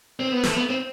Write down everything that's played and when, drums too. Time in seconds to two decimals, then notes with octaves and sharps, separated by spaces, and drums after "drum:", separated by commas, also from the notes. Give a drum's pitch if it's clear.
0.20 C4
0.32 B3
0.43 A3, drum: snare
0.56 B3
0.70 C4